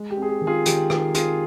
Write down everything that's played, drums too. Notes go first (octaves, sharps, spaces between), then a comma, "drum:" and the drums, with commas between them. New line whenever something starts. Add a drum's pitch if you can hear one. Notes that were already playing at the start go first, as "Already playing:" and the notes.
Already playing: G#3
G4
C4
G#4
G4
D#3
F4 G#4
D#3 G4, drum: hi-hat
D#3 G4, drum: rim click
C4 F4 G#4, drum: hi-hat